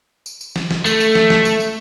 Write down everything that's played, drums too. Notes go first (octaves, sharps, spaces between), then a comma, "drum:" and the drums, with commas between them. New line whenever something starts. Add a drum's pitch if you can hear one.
drum: tambourine
drum: tambourine
drum: snare
drum: snare
A3, drum: tambourine
drum: tambourine
drum: snare
drum: snare
drum: tambourine
drum: tambourine